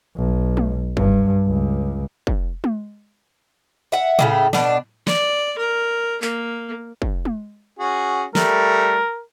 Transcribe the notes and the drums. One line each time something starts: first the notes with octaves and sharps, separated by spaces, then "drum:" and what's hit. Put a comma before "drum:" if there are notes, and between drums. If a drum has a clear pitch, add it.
B1
drum: tom G#3
G2, drum: kick
C#2
drum: kick
drum: tom G#3
E5 F#5
A2 C#3 A3, drum: tom A2
B2 D4, drum: snare
D5, drum: snare
A#4
A#3, drum: clap
drum: kick
drum: tom G#3
C#4 F#4 G#4
G3 A3 A#4, drum: snare